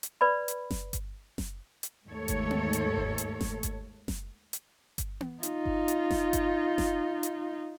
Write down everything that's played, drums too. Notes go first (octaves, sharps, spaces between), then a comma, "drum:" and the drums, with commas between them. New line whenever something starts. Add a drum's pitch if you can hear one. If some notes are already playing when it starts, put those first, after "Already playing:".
drum: hi-hat
B4 D5 B5
drum: hi-hat
drum: snare F#1
drum: kick G1, hi-hat
drum: snare F#1
drum: hi-hat
D#2 G#2 A3 A4 C#5
drum: kick G1, hi-hat
drum: tom B3
drum: hi-hat
drum: kick G1
drum: hi-hat
drum: snare F#1
drum: kick G1, hi-hat
drum: snare F#1
drum: hi-hat
drum: kick G1, hi-hat
drum: tom B3
D#4 F4, drum: hi-hat
drum: kick G1
drum: hi-hat
drum: snare F#1
drum: kick G1, hi-hat
drum: snare F#1
drum: hi-hat